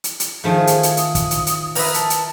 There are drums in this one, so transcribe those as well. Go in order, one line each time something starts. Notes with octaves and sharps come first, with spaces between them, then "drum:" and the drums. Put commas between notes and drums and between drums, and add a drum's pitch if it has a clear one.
drum: hi-hat
drum: hi-hat
D#3 F3 A3 G#4
drum: hi-hat
drum: hi-hat
D#6, drum: hi-hat
drum: kick, hi-hat
drum: hi-hat
drum: hi-hat
A#4 B4 D#5 E5, drum: open hi-hat
A5, drum: hi-hat
drum: hi-hat